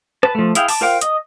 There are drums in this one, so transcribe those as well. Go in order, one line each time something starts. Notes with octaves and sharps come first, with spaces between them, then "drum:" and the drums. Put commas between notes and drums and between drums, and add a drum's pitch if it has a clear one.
B4 A5, drum: rim click
F3 A3
E4 G#4 F5 G5, drum: hi-hat
A5 D6, drum: open hi-hat
F4 A#4 C5 F5 G5
D#5 D#6, drum: hi-hat